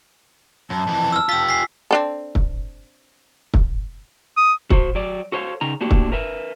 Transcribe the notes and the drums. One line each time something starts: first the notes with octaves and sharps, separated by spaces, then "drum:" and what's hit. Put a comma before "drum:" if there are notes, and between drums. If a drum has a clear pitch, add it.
F#2 A5
F2 E3
E6 F6
F4 G4 E6 B6
G#5 B6 C7
C4 D4 A4
drum: kick
drum: kick
D#6
F#4 C5, drum: kick
F#3 D5
F#4 A4 C5 C#5 F5
C#3 D#4 A#5
A3 A#3 D4 E4 F#4 G4
drum: kick
A#4 B4 E5